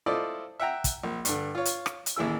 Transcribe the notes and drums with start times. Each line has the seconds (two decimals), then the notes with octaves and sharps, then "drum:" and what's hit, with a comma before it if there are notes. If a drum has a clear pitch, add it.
0.06 E4 F4 A4 C5 D5 D#5
0.60 E5 F#5 G5 A#5
0.84 drum: kick, hi-hat
1.04 A#1
1.25 G2 D3, drum: hi-hat
1.55 F4 C#5
1.65 drum: hi-hat
1.86 drum: rim click
2.06 drum: hi-hat
2.16 A1 D#2 E4 G#4 E6